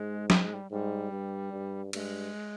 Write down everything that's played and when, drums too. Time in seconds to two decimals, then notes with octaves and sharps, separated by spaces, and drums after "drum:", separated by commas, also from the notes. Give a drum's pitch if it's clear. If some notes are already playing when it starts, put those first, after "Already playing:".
Already playing: G#2 G#3
0.30 G3, drum: snare
0.42 G#3
0.54 G3
0.71 G#2 G3
1.12 G2
1.53 G2
1.93 G2 A3, drum: cymbal
1.99 G#3